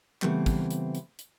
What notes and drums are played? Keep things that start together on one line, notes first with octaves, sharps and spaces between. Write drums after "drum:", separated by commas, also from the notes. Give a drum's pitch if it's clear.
C#3 E3 G3 A3 B3 C4, drum: clap
drum: kick, hi-hat
drum: hi-hat
drum: hi-hat
drum: hi-hat